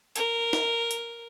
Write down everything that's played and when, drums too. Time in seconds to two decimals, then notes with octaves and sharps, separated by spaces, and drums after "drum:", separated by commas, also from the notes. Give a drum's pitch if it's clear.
0.16 A#4, drum: hi-hat
0.53 drum: snare
0.91 drum: hi-hat